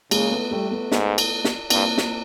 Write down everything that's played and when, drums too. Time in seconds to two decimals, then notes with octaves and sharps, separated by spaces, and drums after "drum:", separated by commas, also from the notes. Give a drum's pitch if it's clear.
0.11 C#3 G#3 A#3, drum: cymbal
0.31 A3 B3
0.51 G3 A3
0.71 A3 B3
0.92 G#2, drum: snare
1.18 drum: cymbal
1.45 drum: snare
1.70 G2 A#3 C4, drum: cymbal
1.98 drum: snare